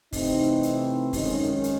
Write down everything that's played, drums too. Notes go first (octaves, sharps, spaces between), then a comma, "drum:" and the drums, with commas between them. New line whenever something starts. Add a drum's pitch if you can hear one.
C3 E3 A3 C4 D#4, drum: kick, open hi-hat
drum: hi-hat
F#2 D#3 G#3 C#4 D#4, drum: kick, open hi-hat
drum: hi-hat